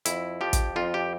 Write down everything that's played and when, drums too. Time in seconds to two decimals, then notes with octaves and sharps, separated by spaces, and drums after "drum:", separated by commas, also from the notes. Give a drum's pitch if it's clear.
0.05 F2 E4, drum: hi-hat
0.41 F3 G4
0.53 drum: kick, hi-hat
0.76 F2 F4
0.94 G4